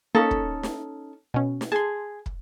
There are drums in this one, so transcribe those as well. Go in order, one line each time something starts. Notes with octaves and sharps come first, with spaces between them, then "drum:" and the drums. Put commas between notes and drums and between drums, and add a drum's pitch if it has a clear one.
A#3 C#4 D#4 A4
drum: kick
drum: snare
B2 C#4
drum: snare
G#4 A5 C6
drum: kick